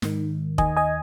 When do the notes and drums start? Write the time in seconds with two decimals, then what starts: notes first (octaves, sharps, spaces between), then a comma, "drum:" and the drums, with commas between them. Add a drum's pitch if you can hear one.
0.02 G#2 D#3, drum: snare
0.58 D#2 D#3 D#5 G#5, drum: kick F1
0.77 D#5 G#5